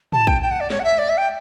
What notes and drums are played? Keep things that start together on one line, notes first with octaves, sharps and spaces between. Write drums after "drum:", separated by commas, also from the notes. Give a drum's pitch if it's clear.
A5, drum: tom
G5, drum: kick A#1
G5
F#5
D5
C#5, drum: snare
F#5
E5
D5
E5
G5